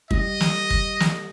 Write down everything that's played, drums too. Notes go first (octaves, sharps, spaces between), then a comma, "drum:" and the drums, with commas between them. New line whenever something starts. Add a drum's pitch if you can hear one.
G3 D#5, drum: kick
drum: snare
drum: kick
drum: snare